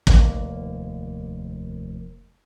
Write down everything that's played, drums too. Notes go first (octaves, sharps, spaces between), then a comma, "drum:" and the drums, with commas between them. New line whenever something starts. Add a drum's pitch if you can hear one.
F1 D#2 A#2 A#3, drum: kick